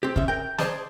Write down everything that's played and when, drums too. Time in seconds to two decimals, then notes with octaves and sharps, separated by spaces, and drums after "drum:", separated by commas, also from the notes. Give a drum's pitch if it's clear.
0.03 C4 G4
0.16 C#3 C#4 E5, drum: kick
0.28 A#4 G5
0.58 G#4 A#4 C5 D5 D#5 A5, drum: snare